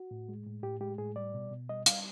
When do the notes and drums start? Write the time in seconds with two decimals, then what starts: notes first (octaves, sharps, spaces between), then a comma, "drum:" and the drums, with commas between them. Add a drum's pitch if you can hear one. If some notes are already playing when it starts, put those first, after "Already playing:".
Already playing: F#4
0.11 A2
0.29 G#3
0.46 A2
0.63 A2 G4
0.81 G#3 G4
0.98 A2 G#4
1.16 G3 D5
1.34 B2
1.51 B2
1.69 G3 D#5
1.86 G3 F5, drum: hi-hat